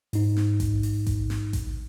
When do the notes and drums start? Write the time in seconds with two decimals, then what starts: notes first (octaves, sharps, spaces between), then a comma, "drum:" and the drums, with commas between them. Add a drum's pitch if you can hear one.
0.13 G#2 D#4, drum: open hi-hat
0.36 drum: snare
0.60 drum: kick A1, hi-hat
0.83 drum: open hi-hat
1.07 drum: kick A1, hi-hat
1.30 drum: snare
1.53 drum: kick A1, hi-hat